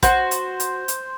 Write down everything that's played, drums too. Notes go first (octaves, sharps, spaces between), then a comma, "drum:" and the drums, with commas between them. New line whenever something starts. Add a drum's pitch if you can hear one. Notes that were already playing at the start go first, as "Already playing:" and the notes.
F#4 C5, drum: kick, hi-hat
drum: hi-hat
drum: hi-hat
drum: hi-hat